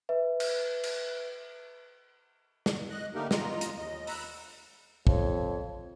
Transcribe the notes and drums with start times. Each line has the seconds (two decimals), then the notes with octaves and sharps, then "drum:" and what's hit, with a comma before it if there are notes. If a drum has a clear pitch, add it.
0.09 B4 E5
0.40 drum: cymbal
0.83 drum: cymbal
2.66 drum: snare
2.90 D#5 F#6
3.15 D3 A3 A#3 D#4 G4 A#4
3.31 E2 F4 D#5 A#5, drum: snare
3.61 drum: hi-hat
3.77 D#2 D#5
4.07 A#5 B5 E6 F#6, drum: open hi-hat
5.07 F2 C#5, drum: kick